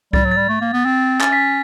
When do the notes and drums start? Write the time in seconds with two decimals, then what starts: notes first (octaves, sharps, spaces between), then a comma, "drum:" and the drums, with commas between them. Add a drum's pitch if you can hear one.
0.13 G3 A6, drum: kick C2
0.25 F#3
0.31 A6
0.37 G3
0.49 A3
0.61 A#3
0.73 B3
0.86 C4
1.21 C#4 A6, drum: clap
1.33 B6